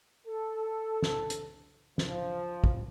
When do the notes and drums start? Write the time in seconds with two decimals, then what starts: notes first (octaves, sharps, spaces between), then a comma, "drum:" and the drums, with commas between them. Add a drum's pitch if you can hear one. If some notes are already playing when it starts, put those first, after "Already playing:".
0.26 A4
1.02 drum: snare
1.30 drum: hi-hat
1.98 F3, drum: snare
2.64 drum: kick